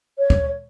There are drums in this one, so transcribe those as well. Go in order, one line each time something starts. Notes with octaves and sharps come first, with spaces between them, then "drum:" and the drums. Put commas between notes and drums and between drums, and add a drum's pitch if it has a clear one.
C#5
drum: kick